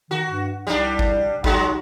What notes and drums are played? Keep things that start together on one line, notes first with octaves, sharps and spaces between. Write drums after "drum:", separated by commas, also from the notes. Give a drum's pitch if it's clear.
D#3 F#4
G2
C2 G3 D4
drum: kick G#1
F#3 G#3 D#4 F#4, drum: kick G#1